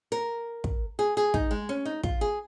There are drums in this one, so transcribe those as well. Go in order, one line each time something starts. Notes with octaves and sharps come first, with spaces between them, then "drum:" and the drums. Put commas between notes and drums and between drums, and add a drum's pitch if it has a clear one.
A#4
drum: kick
G#4
G#4
D#4, drum: kick
G#3
C#4
D#4
F4, drum: kick
G#4